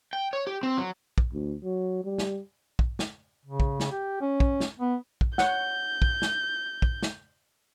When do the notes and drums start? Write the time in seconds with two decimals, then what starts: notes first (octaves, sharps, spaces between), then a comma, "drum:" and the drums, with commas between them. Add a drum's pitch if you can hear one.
0.13 G5
0.33 C#5
0.47 G4
0.63 C4
0.77 F#3
1.18 drum: kick
1.33 D2
1.64 F#3
2.05 G3
2.18 drum: snare
2.79 drum: kick
2.99 drum: snare
3.46 C#3
3.60 drum: kick
3.80 drum: snare
3.91 G4
4.21 C#4
4.40 drum: kick
4.60 drum: snare
4.79 B3
5.21 drum: kick
5.38 C#5 F#5 G6, drum: snare
6.02 drum: kick
6.22 drum: snare
6.82 drum: kick
7.03 drum: snare